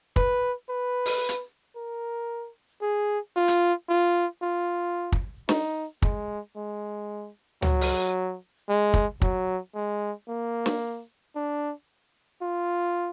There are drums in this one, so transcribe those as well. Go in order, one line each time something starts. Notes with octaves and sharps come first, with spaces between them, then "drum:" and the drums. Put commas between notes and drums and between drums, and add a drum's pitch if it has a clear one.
B4, drum: kick
B4
drum: open hi-hat
drum: hi-hat
A#4
G#4
F4
drum: hi-hat
F4
F4
drum: kick
D#4, drum: snare
G#3, drum: kick
G#3
F#3, drum: tom C#2
drum: open hi-hat
G#3
drum: kick
F#3, drum: kick
G#3
A#3
drum: snare
D4
F4